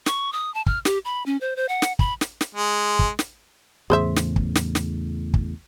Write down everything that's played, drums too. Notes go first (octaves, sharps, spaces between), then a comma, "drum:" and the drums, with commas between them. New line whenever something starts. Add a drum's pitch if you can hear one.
C#6, drum: snare
D#6
A5
F6, drum: kick
G4, drum: snare
B5
C#4
C5
C5
F#5
drum: snare
B5, drum: kick
drum: snare
drum: snare
G#3
drum: kick
drum: snare
E2 A2 C#3 G#4 C5 E5
drum: snare
drum: kick
drum: snare
drum: snare
drum: kick